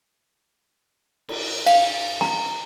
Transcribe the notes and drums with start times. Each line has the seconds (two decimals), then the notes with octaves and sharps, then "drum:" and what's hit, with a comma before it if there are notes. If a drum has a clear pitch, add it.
1.29 drum: cymbal
1.66 F5, drum: cymbal
2.21 A#5, drum: snare